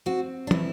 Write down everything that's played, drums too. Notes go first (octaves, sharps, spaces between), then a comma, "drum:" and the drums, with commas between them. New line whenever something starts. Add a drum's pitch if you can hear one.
C4 F#4
D4
E3 E4, drum: tom